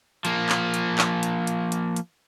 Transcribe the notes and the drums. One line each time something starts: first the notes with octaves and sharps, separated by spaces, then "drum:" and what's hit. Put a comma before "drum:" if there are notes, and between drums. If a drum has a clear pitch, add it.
F3 A#3, drum: hi-hat
drum: clap
drum: hi-hat
drum: clap
drum: hi-hat
drum: hi-hat
drum: hi-hat
drum: hi-hat